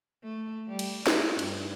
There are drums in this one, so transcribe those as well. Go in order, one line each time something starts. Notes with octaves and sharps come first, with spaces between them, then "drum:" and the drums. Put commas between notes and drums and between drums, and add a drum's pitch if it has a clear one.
A3
G3
drum: cymbal
E4, drum: snare
G2, drum: cymbal